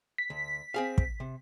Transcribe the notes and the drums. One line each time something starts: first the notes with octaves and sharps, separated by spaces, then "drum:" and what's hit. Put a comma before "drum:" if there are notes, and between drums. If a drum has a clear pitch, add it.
B6
D2
C4 G#4 F5
drum: kick
C3